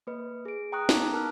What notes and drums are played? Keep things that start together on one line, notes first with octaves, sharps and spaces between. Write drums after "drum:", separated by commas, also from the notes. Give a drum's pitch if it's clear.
A#3 B4 D#5
G#4 D7
G5 A#5 C#6 D#6 F#6
B3 D#4 A5 A#5 D6, drum: snare
A#4 B4 A5 F6 F#6